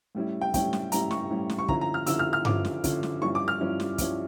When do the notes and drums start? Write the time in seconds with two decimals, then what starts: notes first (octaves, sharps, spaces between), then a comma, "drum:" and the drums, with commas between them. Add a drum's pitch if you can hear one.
0.15 A2 G3 C#4 E4
0.41 G5
0.54 A2 G3 C#4 E4 G5, drum: kick, hi-hat
0.73 drum: snare
0.92 A2 G3 C#4 E4 A#5, drum: hi-hat
1.11 C#6, drum: snare
1.31 A2 G3 C#4 E4
1.50 drum: snare
1.59 C#6
1.68 D3 F3 C#4 E4 A#5, drum: kick
1.81 A#5
1.94 F6
2.06 D3 F3 C#4 E4 E6, drum: hi-hat
2.19 F6
2.33 F6
2.45 D3 F3 C#4 E4 D6, drum: tom G2
2.65 drum: snare
2.84 D3 F3 C#4 E4, drum: kick, hi-hat
3.03 drum: snare
3.22 G2 F3 C#4 E4 C#6
3.35 D6
3.48 F6
3.61 G2 F3 C#4 E4
3.80 drum: snare
3.98 G2 F3 C#4 E4, drum: kick, hi-hat